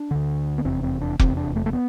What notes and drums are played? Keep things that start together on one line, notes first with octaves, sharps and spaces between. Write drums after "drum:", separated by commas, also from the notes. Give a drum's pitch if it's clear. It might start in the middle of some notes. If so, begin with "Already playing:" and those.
Already playing: D4
D2 D3
B3
F1 E2 C3 C4
C4
D4
F1 E2 C3 C4, drum: kick F1
D4
A3
A3
B3